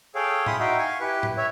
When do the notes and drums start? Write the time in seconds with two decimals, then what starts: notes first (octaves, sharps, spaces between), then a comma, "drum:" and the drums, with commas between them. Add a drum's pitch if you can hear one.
0.15 G#4 A4 C#5 F5 G5
0.46 E4 F5 B5 C6 D#6, drum: tom A2
0.60 D#4 F#4 E5 F5 G5
0.78 F5 G#5 C#6
1.00 E4 G4 B4
1.23 drum: tom A2
1.37 C#5 E5